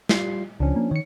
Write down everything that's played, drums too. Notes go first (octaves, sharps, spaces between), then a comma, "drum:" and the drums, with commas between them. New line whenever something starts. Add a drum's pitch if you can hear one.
G3 F4 C7, drum: snare
C#2 F3 C#4 D4
A#3
D#3 C#5 C#7